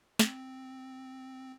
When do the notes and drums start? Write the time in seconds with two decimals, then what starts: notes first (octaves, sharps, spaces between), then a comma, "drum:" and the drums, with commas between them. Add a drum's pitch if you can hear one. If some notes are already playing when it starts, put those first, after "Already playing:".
0.19 C4, drum: snare